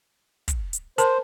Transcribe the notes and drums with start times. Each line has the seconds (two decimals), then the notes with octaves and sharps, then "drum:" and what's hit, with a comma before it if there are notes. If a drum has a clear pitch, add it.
0.48 drum: kick, hi-hat
0.73 drum: hi-hat
0.98 A#4 C5 A5, drum: hi-hat